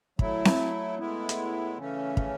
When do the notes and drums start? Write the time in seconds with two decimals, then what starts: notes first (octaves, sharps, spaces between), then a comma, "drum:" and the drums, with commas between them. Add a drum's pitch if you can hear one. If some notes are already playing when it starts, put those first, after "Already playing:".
0.19 F#3 A3 E4, drum: kick
0.45 drum: snare C4
0.99 A2 G#3 B3 E4
1.29 drum: hi-hat
1.77 C#3 E3 A3 C#4
2.17 drum: kick